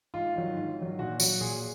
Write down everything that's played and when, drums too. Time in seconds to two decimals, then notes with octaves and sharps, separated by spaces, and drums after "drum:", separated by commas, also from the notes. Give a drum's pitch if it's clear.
0.14 G#2 F4
0.35 D#3 F#3
0.57 G#2
0.78 D#3 F#3
0.99 A#2 F#4
1.20 F#3 F#4, drum: tambourine
1.41 A#2 G#4